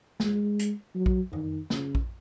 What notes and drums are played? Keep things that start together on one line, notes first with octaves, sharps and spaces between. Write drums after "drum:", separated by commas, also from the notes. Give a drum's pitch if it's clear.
G#3, drum: snare
drum: hi-hat
F#3
drum: kick A#1
D#3, drum: tom F2
C#3, drum: snare
drum: kick A#1